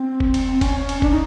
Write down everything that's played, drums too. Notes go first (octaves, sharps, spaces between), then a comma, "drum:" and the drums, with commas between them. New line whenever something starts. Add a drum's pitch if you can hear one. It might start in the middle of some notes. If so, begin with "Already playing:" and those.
Already playing: C4
drum: kick
drum: cymbal
C4
C#4, drum: kick, cymbal
drum: cymbal
D4, drum: kick
D#4